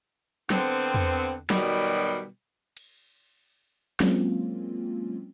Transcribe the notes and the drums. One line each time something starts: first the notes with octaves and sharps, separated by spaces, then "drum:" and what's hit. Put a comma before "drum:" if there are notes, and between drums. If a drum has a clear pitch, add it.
D3 B3 C4, drum: snare
drum: tom E2
B2 D#3 F#3 G3, drum: snare
drum: cymbal
F#3 G#3 A#3 C4 C#4 F4, drum: snare